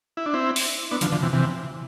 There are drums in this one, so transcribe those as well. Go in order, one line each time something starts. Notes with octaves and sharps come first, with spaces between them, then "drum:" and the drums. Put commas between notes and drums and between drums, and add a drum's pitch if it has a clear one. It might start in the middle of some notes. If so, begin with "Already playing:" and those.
E4
D4
C4 E4
drum: open hi-hat
B3 D4
D3 F3, drum: hi-hat
D3 F3
C3 E3
C3 E3